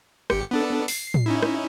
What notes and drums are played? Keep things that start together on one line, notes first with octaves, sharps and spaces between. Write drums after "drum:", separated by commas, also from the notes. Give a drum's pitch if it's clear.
G1 G4 C#7, drum: rim click
B3 D4 A4
C7, drum: open hi-hat
drum: tom A2
C#4 D#4 E4
drum: rim click